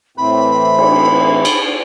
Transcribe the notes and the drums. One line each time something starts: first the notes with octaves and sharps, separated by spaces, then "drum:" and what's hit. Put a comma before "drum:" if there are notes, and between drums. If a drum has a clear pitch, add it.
A2 E3 C4 B5
drum: cymbal
drum: cymbal